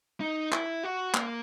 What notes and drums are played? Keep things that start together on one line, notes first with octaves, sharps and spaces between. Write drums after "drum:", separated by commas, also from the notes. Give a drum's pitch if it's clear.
D#4
E4, drum: clap
F#4
A#3, drum: clap